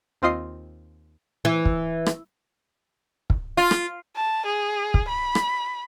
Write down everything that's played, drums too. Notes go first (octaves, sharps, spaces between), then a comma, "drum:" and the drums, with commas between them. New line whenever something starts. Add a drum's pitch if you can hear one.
D#2 C4 F4 D#5 C7
E3
drum: kick
drum: rim click
drum: kick
F4
drum: rim click
A5
G#4
drum: kick
B5
drum: rim click